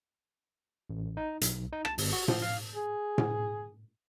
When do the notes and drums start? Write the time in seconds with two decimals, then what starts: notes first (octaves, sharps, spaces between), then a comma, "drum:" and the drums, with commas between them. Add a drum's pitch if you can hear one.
0.90 A1
1.17 D#4
1.41 B1, drum: hi-hat
1.73 D#4
1.85 A5, drum: rim click
1.98 G#1, drum: open hi-hat
2.13 F#4
2.28 F3, drum: tom A2
2.42 F5
2.75 G#4
3.18 drum: tom A2